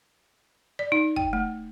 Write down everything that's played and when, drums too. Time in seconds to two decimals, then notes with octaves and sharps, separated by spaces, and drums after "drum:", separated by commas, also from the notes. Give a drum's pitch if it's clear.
0.79 D5
0.92 D#4
1.16 G5, drum: kick
1.33 A3